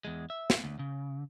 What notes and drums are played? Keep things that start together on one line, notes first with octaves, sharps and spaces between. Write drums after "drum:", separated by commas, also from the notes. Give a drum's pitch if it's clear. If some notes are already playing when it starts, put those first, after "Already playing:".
E2 G#3
E5
drum: snare
D2
C#3